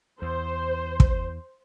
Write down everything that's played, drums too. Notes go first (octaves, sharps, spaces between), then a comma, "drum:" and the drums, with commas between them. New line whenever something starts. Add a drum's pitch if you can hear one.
E2 C5
drum: kick